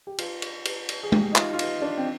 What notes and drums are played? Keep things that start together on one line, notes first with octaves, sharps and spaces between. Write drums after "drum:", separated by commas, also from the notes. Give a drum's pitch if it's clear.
G4
F4, drum: cymbal
drum: cymbal
drum: cymbal
drum: cymbal
G#4
G4, drum: tom
D#4
F4, drum: clap
F4
D#4, drum: cymbal
D4
C4